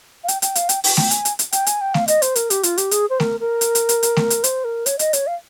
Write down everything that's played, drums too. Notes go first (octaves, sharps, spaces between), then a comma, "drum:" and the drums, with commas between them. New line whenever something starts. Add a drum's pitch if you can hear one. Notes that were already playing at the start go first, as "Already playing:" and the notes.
F5
G5, drum: hi-hat
G5, drum: hi-hat
F5, drum: hi-hat
G5, drum: hi-hat
G5, drum: open hi-hat
G5, drum: snare A3
G#5, drum: hi-hat
drum: hi-hat
drum: hi-hat
G5, drum: hi-hat
G#5, drum: hi-hat
G5
F5, drum: snare A3
D#5, drum: hi-hat
C5, drum: hi-hat
A#4, drum: hi-hat
G4, drum: hi-hat
F4, drum: hi-hat
G4, drum: hi-hat
G#4, drum: hi-hat
C5
A#4, drum: snare A3
A#4
drum: hi-hat
drum: hi-hat
drum: hi-hat
drum: hi-hat
drum: snare A3
drum: hi-hat
C5, drum: hi-hat
A#4
C#5, drum: hi-hat
D#5, drum: hi-hat
C#5, drum: hi-hat
F5